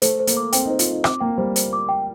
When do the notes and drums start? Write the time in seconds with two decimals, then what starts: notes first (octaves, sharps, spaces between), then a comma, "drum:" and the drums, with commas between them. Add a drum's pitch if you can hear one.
0.02 A3 C5, drum: hi-hat
0.20 C5
0.27 A#3, drum: hi-hat
0.37 D6
0.53 C4 G5, drum: hi-hat
0.66 D#4
0.71 C5
0.79 F4, drum: hi-hat
0.87 D#4 C5
1.04 C4 D6, drum: rim click
1.21 A#3 G5
1.38 G3 C5
1.56 C5, drum: hi-hat
1.73 D6
1.89 G5